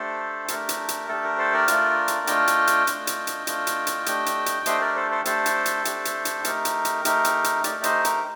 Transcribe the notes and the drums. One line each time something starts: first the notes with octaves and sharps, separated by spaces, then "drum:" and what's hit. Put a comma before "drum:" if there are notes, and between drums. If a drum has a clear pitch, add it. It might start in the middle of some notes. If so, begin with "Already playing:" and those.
Already playing: A3 D4 G4 A4 C5
A3 D4 G4 A#4, drum: hi-hat
drum: hi-hat
drum: hi-hat
A3 D4 G4 A4
A#4
A4 C5
A#4 D5
A3 D4 F4, drum: hi-hat
drum: hi-hat
A3 D4 F4 D#5 G5, drum: hi-hat
drum: hi-hat
drum: hi-hat
A3 D4 F4, drum: hi-hat
drum: hi-hat
drum: hi-hat
A3 D4 F4, drum: hi-hat
drum: hi-hat
drum: hi-hat
A3 D4 G4, drum: hi-hat
drum: hi-hat
drum: hi-hat
A3 D4 G4 C5 D#5, drum: hi-hat
A#4 D5
A4 C5
A4 C5
A3 D4 G4 A4 C5, drum: hi-hat
drum: hi-hat
drum: hi-hat
A3 D4 G4, drum: hi-hat
drum: hi-hat
drum: hi-hat
A3 D#4 G4 A#4, drum: hi-hat
drum: hi-hat
drum: hi-hat
A3 D#4 G4, drum: hi-hat
drum: hi-hat
drum: hi-hat
A3 D#4 G4 A#4 D5, drum: hi-hat
C5 D#5, drum: hi-hat
A#4, drum: hi-hat